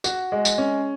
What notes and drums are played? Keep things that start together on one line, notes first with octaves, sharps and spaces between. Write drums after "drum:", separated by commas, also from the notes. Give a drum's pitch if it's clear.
F#4, drum: tambourine
G#3
drum: tambourine
C#4